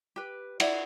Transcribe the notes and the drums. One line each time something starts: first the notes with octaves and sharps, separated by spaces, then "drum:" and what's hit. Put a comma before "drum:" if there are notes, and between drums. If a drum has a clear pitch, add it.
G4 B4
E4 D5 F#5, drum: cymbal